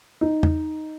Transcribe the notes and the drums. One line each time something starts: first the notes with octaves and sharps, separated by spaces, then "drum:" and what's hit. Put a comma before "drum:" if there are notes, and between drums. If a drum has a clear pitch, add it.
D#4
drum: tom E2